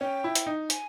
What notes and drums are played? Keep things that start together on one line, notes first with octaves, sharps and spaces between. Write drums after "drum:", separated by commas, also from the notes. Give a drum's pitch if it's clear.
C#4 G5
E4
drum: hi-hat
D#4
G#5, drum: hi-hat